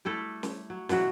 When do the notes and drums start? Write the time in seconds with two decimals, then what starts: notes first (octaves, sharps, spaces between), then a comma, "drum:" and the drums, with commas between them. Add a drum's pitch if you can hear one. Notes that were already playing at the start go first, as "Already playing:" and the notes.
0.05 G3 A3 E4 A4
0.43 drum: snare
0.70 F#3
0.89 B2 E3 F#3 F#4, drum: snare